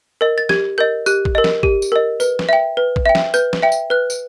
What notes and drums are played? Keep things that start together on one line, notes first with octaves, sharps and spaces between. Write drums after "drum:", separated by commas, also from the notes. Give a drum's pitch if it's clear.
A#4 D#5
A6
G4 G#6, drum: snare
A#4 D#5 G6
G4 F#6, drum: tambourine
drum: kick
A#4 D#5
drum: snare
G4, drum: kick
drum: tambourine
A#4 D#5
B4, drum: tambourine
drum: snare
E5 G5
B4
drum: kick
E5 G5
drum: snare
B4 G6, drum: tambourine
drum: snare
E5 G5
drum: tambourine
B4 F#6
drum: tambourine